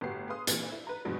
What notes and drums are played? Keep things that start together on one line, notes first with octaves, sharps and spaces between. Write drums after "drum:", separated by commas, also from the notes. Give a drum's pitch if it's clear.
G1 A2 B3 F#4 G4 C7
G#4 B4 F5 C6 D#6
A#2 E3 G3 C4, drum: hi-hat
E4
B4 A#5
E2 G2 B2 F3 G#3